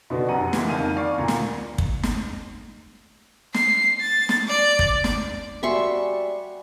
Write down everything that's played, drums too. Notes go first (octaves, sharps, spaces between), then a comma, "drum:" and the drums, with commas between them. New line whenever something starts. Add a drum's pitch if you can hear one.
B2 D3 B3 D4 F#4
F1 F#2 F#5 A#5 D#7
E3 G#3 A#3, drum: snare
F2 D#3 F5 D#7
D5 F5 C#6
D2 A#2 A#5
drum: snare
drum: kick
drum: snare
C7, drum: snare
A6
drum: snare
D5
drum: kick
drum: snare
G3 F#4 E5 G#5 C6 C#6